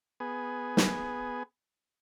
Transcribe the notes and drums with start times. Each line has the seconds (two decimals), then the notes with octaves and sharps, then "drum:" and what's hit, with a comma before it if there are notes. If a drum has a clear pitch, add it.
0.20 B3 G#4
0.77 drum: snare